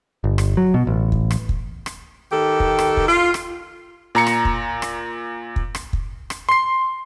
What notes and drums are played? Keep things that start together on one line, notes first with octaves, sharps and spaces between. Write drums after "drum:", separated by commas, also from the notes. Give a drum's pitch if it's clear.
G1
drum: rim click
F#3
B2
A1
drum: kick
drum: rim click
drum: kick
drum: rim click
D#3 G4 A4
drum: kick
drum: rim click
drum: kick
F4
drum: rim click
A#2 A#5 C#7
drum: rim click
drum: kick
drum: rim click
drum: kick
drum: rim click
drum: kick
drum: rim click
C6 C7